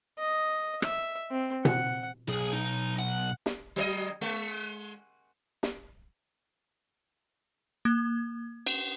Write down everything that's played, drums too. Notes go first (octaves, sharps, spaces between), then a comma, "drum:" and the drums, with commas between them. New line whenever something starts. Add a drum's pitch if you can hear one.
D#5
E5, drum: rim click
C4
F#5, drum: tom B2
B1 G#4
D#4
F#5
drum: snare
F#3 C#5 D#5
G#3
drum: snare
A#3
drum: cymbal